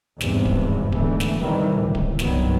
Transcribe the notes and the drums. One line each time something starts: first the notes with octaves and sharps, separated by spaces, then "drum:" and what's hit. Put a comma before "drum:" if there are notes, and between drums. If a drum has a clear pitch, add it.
G#1 E2 G2 C3, drum: snare
drum: kick D1
E2 G#2 D3 E3 A3, drum: kick D1
drum: snare
C3 D#3 E3 G3
C#2 A2 D3
drum: kick D1
C2 G2 D#3 F#3 B3, drum: snare